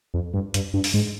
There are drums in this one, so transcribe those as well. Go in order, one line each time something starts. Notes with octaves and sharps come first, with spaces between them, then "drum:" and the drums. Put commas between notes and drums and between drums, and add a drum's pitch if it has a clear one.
F2
G2
G2, drum: hi-hat
G2
drum: open hi-hat
G#2